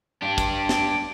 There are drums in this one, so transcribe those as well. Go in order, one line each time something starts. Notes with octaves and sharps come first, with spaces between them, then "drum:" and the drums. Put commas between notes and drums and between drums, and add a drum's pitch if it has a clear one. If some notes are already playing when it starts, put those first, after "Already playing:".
D4 G4
drum: kick, hi-hat
drum: snare